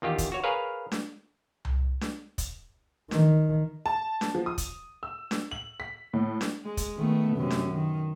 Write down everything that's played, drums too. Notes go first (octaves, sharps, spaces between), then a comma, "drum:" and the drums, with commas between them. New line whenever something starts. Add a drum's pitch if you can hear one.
E2 D#3 F4 G4
drum: kick, hi-hat
F#4 C#5
G#4 A#4 B4 C#5 F5
drum: snare D4
drum: tom C2
drum: snare D4
drum: kick, hi-hat
D#3, drum: snare D4
A5
drum: snare D4
F3
D#6
drum: kick, hi-hat
E6
drum: snare D4
F#7
B6
A2
drum: snare D4
G#3
drum: kick, hi-hat
D#3 A3 B3
F#2 C3
drum: snare D4
D#3